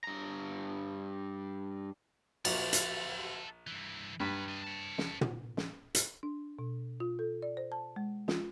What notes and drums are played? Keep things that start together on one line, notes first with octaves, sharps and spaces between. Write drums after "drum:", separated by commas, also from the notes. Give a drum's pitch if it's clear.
G2 A#5
A#1 A4 F5, drum: cymbal
drum: hi-hat
G2 E3
G2 F#3 B4
D4 D#5
C#5 A5
drum: snare
drum: tom
drum: snare
drum: hi-hat
D4
B2
F4
A4
D5
C5
A5
G#3
F4, drum: snare